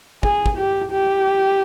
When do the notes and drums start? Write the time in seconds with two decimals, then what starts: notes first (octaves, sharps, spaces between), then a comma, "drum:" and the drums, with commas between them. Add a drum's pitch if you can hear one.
0.23 G#4, drum: kick
0.46 drum: kick
0.57 G4
0.92 G4